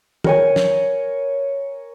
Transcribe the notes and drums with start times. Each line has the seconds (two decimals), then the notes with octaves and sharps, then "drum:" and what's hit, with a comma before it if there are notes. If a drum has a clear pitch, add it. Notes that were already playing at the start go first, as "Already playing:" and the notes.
0.24 A#4 C#5 G#5, drum: tom D#3
0.56 drum: snare